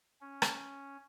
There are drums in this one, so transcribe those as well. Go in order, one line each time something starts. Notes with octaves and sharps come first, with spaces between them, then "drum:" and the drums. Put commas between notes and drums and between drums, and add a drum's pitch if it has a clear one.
C#4
drum: rim click